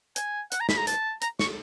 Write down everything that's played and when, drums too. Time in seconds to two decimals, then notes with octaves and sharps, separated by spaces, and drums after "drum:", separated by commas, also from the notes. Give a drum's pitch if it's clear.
0.16 G#5, drum: hi-hat
0.52 F#5, drum: hi-hat
0.60 A#5
0.69 B5, drum: snare
0.77 A#5
0.87 A5, drum: hi-hat
1.22 A#5, drum: hi-hat
1.39 C#6, drum: snare